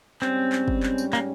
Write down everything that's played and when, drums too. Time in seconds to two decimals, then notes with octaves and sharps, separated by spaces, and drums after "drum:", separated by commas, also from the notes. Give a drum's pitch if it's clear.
0.22 G#2 G3 C4 C#4, drum: clap
0.52 drum: clap
0.68 drum: kick
0.83 drum: clap
0.98 drum: tambourine
1.13 A#3, drum: clap